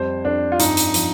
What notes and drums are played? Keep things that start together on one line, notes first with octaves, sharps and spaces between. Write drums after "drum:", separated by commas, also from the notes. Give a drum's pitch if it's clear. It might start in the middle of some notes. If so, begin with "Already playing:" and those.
Already playing: F2 G3 C5
F2 D4
F4
G2 D#4, drum: hi-hat
drum: hi-hat
F3, drum: hi-hat